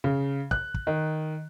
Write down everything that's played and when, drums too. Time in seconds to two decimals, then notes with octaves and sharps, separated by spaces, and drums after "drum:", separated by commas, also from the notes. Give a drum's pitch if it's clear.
0.04 C#3
0.51 F#6, drum: kick
0.74 drum: kick
0.87 D#3